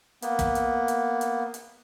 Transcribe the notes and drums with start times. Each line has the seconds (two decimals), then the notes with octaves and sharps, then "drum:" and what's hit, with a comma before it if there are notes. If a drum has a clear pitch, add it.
0.22 A#3 B3, drum: hi-hat
0.39 drum: kick, hi-hat
0.55 drum: hi-hat
0.88 drum: hi-hat
1.21 drum: hi-hat
1.54 drum: hi-hat